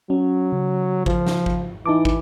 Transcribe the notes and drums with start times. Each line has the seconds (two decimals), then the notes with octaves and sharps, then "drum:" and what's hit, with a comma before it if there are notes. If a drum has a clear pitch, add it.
0.10 F#3 C#4
0.52 C#3
1.06 F3, drum: kick
1.27 drum: snare
1.46 drum: kick
1.86 E3 D#4 A5 D6
2.05 drum: kick